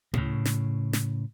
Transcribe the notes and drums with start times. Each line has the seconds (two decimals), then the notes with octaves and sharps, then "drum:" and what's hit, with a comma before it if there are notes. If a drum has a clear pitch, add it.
0.14 A2 C#3, drum: tom A2
0.45 drum: snare
0.93 drum: snare